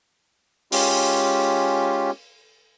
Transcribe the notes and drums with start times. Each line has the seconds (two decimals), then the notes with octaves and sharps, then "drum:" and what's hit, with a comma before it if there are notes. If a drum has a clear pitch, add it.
0.72 G#3 C#4 F4 G4, drum: open hi-hat